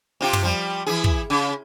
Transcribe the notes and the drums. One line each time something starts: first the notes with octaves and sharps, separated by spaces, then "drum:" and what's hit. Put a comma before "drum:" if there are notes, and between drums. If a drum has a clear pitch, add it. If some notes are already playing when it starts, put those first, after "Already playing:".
C3 F4 G4
drum: tom
F3 G3
E3 E4 G#4
drum: kick
C#3